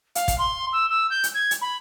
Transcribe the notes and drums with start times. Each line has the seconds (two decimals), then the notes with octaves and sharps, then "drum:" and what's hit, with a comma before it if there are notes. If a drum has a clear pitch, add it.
0.15 F5, drum: hi-hat
0.28 drum: kick, hi-hat
0.38 C6
0.73 E6
0.89 E6
1.10 G6
1.24 drum: hi-hat
1.34 G#6
1.51 drum: hi-hat
1.61 B5